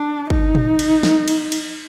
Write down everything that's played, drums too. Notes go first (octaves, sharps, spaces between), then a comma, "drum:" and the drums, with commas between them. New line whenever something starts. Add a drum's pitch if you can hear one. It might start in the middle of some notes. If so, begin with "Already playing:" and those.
Already playing: D4
D#4, drum: kick
drum: tom
drum: cymbal
drum: snare
drum: cymbal
drum: cymbal